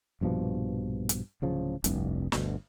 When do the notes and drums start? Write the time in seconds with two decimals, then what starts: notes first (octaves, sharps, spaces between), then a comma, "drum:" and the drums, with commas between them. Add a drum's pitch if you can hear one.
0.21 A#1 G2 B2 F3
1.09 drum: hi-hat
1.42 D1 C#3 F3
1.84 F1 C2 G2, drum: hi-hat
2.32 G1 D2 B2, drum: snare